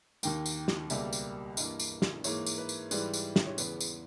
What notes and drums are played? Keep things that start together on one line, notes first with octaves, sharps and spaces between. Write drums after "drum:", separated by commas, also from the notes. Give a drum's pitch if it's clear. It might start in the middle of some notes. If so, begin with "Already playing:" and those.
D#2 D#3 A#3 G5, drum: tambourine
drum: tambourine
drum: snare
C#2 B2 G3 A#3 E5, drum: tambourine
drum: tambourine
G2 E3 A#3 D#5, drum: tambourine
drum: tambourine
drum: snare
G#2 E3 A#3 C#5, drum: tambourine
drum: tambourine
B4
drum: tambourine
G#2 E3 G3 B4, drum: tambourine
drum: tambourine
drum: snare
C#5
E2 C#3 E3 B4, drum: tambourine
drum: tambourine